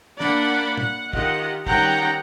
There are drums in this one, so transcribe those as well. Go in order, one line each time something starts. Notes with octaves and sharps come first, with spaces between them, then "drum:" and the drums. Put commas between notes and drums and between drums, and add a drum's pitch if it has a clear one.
A#3 D4 D5 F#5 B5, drum: snare
F#5, drum: tom
D#3 F4 G4 D#5 F#5, drum: kick
D#3 G3 C#4 F#5 G5 A#5, drum: kick